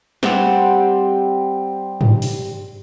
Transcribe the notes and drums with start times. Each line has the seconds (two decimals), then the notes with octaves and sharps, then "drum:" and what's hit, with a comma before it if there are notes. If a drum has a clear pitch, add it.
0.23 G3 C4 G4 F#5, drum: snare
2.01 drum: tom G2
2.22 drum: open hi-hat